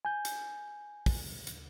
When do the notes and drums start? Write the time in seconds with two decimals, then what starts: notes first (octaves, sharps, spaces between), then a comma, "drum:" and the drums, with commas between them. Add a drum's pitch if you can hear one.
0.05 G#5 G6
0.25 drum: hi-hat
1.06 drum: kick, open hi-hat
1.47 drum: hi-hat